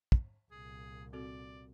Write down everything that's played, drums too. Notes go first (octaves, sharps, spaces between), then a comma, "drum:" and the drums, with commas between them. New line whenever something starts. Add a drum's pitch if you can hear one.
drum: kick
C2 A#2 G#4
C4 F#4 A4 D5